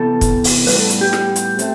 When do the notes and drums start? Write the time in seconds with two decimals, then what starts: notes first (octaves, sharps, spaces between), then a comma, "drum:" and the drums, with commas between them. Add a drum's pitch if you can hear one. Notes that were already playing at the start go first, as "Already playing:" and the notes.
Already playing: C3 E3 B3 A4
0.21 drum: kick, hi-hat
0.44 drum: open hi-hat
0.67 A2 G3 B3 B4, drum: open hi-hat
0.79 A4
0.90 drum: hi-hat
1.01 G4
1.13 drum: snare
1.36 drum: hi-hat
1.59 A3 C4, drum: hi-hat